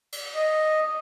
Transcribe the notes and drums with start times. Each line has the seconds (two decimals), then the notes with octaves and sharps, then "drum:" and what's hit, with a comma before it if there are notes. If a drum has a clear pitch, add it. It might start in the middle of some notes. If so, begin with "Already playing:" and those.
0.12 drum: cymbal
0.35 D#5